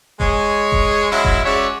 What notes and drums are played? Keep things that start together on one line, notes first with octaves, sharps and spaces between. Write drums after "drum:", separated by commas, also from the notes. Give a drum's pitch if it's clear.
G#3 G#4 C#5, drum: kick F1
drum: kick F1
F#3 G#3 C#4 E4
drum: kick F1
G#3 C#4 F#4 C#5 D5 E5